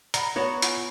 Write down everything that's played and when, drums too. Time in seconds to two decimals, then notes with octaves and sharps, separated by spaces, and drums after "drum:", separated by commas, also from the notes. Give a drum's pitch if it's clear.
0.14 D5 F#5 A#5 B5, drum: hi-hat
0.36 B3 F#4 C#5
0.62 F4 F#5 G#5, drum: hi-hat